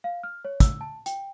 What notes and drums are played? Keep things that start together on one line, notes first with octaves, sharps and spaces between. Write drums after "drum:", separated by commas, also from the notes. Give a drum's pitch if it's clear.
F5
F6
C#5
E6, drum: kick, hi-hat
A5
G5, drum: hi-hat